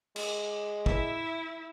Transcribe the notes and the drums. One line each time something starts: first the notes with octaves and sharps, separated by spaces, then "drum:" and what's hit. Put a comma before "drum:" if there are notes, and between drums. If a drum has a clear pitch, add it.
G#3, drum: cymbal
E4 E5, drum: kick